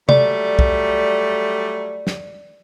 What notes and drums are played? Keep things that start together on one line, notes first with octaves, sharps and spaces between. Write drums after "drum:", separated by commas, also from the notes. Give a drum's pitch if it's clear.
F#3 G3 A3 D5, drum: tom C3
drum: kick
drum: snare